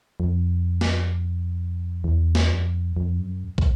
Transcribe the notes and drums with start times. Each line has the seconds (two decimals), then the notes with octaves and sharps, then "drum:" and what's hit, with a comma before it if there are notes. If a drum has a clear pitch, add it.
0.20 F2
0.81 drum: snare
2.04 E2
2.35 drum: snare
2.50 F2
2.97 F2
3.20 F#2
3.58 drum: kick